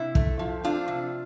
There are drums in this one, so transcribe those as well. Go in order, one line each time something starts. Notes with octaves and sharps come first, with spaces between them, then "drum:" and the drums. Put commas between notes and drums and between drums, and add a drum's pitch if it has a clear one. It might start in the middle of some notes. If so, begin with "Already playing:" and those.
Already playing: C3 E4
A3, drum: kick
F3
C4 D4 F4
C3